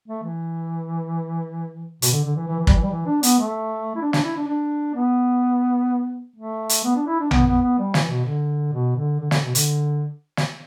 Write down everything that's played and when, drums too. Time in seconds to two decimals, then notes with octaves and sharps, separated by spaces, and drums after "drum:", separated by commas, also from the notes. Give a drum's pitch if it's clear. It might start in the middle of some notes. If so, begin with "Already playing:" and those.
0.08 A3
0.24 E3
2.02 B2, drum: hi-hat
2.12 D3
2.24 D3
2.36 E3
2.48 E3
2.59 E3
2.67 G3, drum: kick
2.75 E3
2.82 G3
2.91 E3
3.06 D4
3.23 B3, drum: hi-hat
3.39 A3
3.95 E4
4.01 D4
4.13 D4, drum: snare
4.24 E4
4.36 D4
4.48 D4
4.95 B3
6.36 A3
6.69 drum: hi-hat
6.84 B3
6.96 D4
7.07 E4
7.20 D4
7.31 B3, drum: tom A#1
7.47 B3
7.62 B3
7.78 G3
7.94 E3, drum: snare
8.09 B2
8.26 D3
8.73 B2
8.96 D3
9.20 D3
9.31 D3, drum: snare
9.43 B2
9.55 D3, drum: hi-hat
10.37 drum: snare